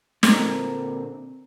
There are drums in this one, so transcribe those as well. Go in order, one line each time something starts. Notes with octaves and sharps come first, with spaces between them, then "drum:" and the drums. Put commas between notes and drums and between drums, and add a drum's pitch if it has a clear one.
A#2 D3 C4 A#4, drum: snare